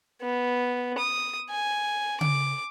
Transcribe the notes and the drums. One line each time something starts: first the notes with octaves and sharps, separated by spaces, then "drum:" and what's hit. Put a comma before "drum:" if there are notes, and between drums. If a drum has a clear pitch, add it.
B3
D#6
G#5
D6, drum: tom C#3